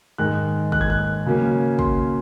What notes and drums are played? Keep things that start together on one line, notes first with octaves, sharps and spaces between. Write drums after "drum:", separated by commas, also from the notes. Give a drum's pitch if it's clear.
G#2 D#3 G#3 D#4 F#6
F#6, drum: kick
G#6
F#6
C#3 F#3 A#3 C#4
C6, drum: kick